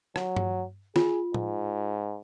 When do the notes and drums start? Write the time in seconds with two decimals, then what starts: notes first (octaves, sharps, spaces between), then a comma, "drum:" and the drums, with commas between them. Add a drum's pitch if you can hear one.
0.16 F#3, drum: rim click
0.37 drum: tom G2
0.96 F4 G#4, drum: snare
1.34 G#2, drum: tom A2